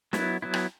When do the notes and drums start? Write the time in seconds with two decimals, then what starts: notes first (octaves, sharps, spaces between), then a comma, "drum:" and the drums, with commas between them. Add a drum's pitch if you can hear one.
0.13 F#3 B3 E4, drum: snare
0.42 F#3 B3 E4
0.54 drum: rim click